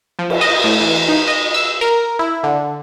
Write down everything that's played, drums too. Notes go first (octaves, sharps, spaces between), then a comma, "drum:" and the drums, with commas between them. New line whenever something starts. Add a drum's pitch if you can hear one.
F3
drum: cymbal
D#5
A2
E3
D#4
D#5
E6
A#4
E4
D3